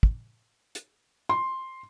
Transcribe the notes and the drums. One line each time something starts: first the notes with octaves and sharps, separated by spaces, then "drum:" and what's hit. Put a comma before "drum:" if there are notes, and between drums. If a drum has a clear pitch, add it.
drum: kick
drum: hi-hat
C6